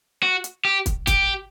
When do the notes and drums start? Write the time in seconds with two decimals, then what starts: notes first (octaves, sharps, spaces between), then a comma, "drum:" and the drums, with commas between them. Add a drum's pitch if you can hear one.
0.23 F#4
0.44 drum: hi-hat
0.65 G4
0.86 drum: kick, hi-hat
1.07 G4, drum: kick, hi-hat